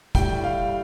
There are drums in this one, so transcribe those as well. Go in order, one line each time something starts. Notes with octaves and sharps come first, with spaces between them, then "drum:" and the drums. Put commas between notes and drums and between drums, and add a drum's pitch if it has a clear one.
A2 G3 G5, drum: kick, hi-hat
F5